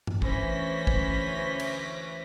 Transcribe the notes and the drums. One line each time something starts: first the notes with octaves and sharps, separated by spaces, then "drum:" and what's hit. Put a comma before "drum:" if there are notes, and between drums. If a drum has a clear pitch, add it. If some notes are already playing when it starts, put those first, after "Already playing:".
drum: tom G2
D2 E3 C#4 C5 A#6 B6, drum: kick
drum: kick
drum: cymbal